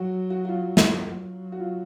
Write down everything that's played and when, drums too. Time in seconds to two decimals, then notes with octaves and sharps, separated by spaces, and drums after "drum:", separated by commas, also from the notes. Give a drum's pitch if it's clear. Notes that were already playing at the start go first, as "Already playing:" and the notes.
Already playing: F#3 F#4
0.30 F#4
0.45 F#4
0.49 F4
0.77 drum: snare
1.05 F#3
1.52 F#4
1.60 F4